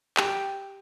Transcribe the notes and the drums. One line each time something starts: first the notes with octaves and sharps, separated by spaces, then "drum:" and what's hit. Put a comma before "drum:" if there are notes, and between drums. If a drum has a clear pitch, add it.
G4, drum: clap